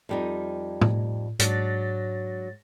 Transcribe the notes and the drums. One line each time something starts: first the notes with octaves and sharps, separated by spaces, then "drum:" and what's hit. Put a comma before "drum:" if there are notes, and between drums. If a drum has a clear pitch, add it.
F2 G3 D#4
A2, drum: tom
G#2 F#3 D4 A6 A#6, drum: hi-hat